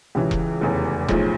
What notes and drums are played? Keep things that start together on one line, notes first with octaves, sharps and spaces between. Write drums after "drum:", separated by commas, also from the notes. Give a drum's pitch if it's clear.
C#2 C#3 E3 G4
drum: kick E1
F1 E2 C#3
B1 A2 F3 G#4, drum: kick E1